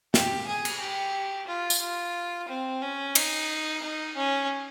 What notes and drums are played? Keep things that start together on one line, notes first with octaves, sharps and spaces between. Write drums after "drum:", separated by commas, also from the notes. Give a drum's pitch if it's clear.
G4, drum: snare
G#4
drum: cymbal
G4
F4
drum: tambourine
F4
C4
C#4
D#4, drum: cymbal
D#4
C#4